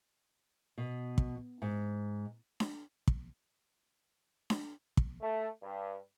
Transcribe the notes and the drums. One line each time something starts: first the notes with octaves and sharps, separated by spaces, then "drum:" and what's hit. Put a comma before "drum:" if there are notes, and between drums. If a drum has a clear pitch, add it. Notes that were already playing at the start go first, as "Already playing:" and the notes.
B2
drum: kick
G#2
drum: snare D4
drum: kick
drum: snare D4
drum: kick
A3
G2